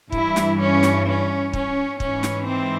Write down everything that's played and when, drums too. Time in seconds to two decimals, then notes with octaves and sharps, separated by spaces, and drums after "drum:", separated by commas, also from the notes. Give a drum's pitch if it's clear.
0.12 G2 E3 E4, drum: kick
0.36 drum: snare
0.59 C#4
0.83 drum: snare
1.06 C#4
1.53 C#4, drum: kick
2.00 G#2 E3 C#4, drum: kick
2.23 drum: snare
2.46 C4